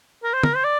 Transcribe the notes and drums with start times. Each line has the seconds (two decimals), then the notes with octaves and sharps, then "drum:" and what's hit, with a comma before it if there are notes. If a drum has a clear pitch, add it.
0.24 A#4
0.33 C5
0.43 A#4, drum: tom
0.55 C5
0.64 D5